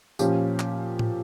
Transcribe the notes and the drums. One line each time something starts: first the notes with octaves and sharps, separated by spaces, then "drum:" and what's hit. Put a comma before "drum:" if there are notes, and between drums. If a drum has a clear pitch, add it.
A#2 F3 C#4 G4, drum: tambourine
drum: clap
drum: tom A2